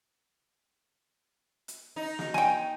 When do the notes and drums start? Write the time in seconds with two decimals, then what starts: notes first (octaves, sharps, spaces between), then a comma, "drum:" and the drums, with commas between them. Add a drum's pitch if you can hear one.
1.68 drum: hi-hat
1.96 D#4
2.19 drum: snare
2.34 G5 G#5, drum: snare